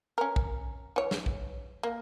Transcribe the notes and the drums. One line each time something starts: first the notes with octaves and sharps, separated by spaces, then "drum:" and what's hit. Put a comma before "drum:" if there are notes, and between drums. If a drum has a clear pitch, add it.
C#4 A#4
drum: kick A#1
E3 C#5
drum: snare
drum: kick A#1
A#3